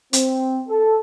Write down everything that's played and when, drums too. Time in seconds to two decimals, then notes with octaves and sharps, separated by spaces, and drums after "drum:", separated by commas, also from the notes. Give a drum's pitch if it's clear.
0.13 C4, drum: hi-hat
0.68 A4